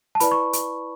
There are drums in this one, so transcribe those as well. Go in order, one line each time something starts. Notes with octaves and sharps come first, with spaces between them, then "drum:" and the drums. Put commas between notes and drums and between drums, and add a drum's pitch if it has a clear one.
A5
E4 B4 D5 B5, drum: hi-hat
C#6
drum: hi-hat